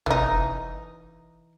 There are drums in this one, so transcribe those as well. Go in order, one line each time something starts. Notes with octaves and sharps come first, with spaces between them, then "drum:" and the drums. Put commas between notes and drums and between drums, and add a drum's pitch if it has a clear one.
E3 D#4, drum: tom